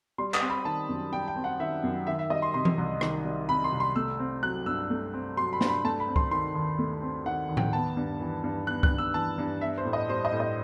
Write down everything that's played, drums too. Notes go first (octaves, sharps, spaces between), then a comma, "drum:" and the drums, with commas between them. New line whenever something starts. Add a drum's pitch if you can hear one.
G3 C6
D#6, drum: clap
C4
B5
D#3 A5
F#2
G3 G5
G5
C4
F#5
D#3 E5
F#2
D#3 E5
E5
G3 D#5
C6
C3 C6
drum: tom E3
C2
D#3, drum: rim click
G3
C3 B5
C6
C2
C6
A3 E6
C4
F#3 F#6
G2 E6
A3
C4
F#3 C6
B5
G2, drum: snare
B5
A3 A5
B5
C4
C6, drum: kick C#2
D#3 C6
D#2
A3
C4
D#3 F#5
D#2
G5, drum: tom A2
B3 A5
G2
E3
G2
B3 F#6
F#6, drum: kick C#2
G2
E6
E3 A5
G2
B3 E5
C5
A2
D#5
G3 C5
D#5
A2
D#5